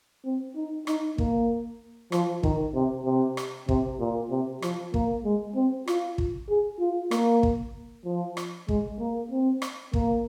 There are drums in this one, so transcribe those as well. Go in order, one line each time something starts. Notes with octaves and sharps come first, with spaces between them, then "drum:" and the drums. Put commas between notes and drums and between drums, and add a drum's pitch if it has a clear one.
C4
D#4
D#4, drum: rim click
A#3, drum: kick
F3, drum: rim click
D#3, drum: kick
C3
C3
drum: rim click
C3, drum: kick
A#2
C3
F3, drum: rim click
A#3, drum: kick
G#3
C4
F4, drum: rim click
drum: kick
G#4
F4
A#3, drum: rim click
drum: kick
F3
drum: rim click
G#3, drum: kick
A#3
C4
drum: rim click
A#3, drum: kick